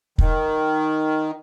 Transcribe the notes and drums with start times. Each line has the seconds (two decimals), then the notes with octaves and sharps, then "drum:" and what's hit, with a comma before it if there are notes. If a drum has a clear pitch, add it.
0.18 D#3, drum: kick